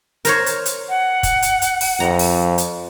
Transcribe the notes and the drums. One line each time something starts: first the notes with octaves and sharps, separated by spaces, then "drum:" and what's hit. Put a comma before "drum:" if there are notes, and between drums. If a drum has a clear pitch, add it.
A#4 C5 C#5, drum: hi-hat
drum: hi-hat
drum: hi-hat
F#5
drum: kick, hi-hat
drum: hi-hat
drum: hi-hat
drum: open hi-hat
F2 A#5
drum: open hi-hat
drum: hi-hat